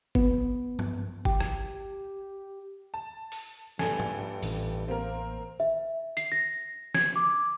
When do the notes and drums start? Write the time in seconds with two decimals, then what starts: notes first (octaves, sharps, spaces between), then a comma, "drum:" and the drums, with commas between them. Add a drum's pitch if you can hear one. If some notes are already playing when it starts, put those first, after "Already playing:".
0.15 B3, drum: kick G1
0.79 drum: tom G2
1.25 G4, drum: kick G1
1.40 drum: rim click
2.94 A5
3.32 drum: open hi-hat
3.79 A#1 G2 A4 G#5, drum: snare
4.00 drum: tom
4.43 A1, drum: open hi-hat
4.88 A#3 C4 A#4
5.60 E5
6.17 C7, drum: hi-hat
6.32 A#6
6.95 G#6, drum: snare
7.16 D6